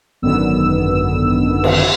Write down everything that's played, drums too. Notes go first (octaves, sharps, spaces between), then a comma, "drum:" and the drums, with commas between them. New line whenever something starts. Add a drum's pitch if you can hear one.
G#1 F#2 D3 D#3 B3 E6
drum: cymbal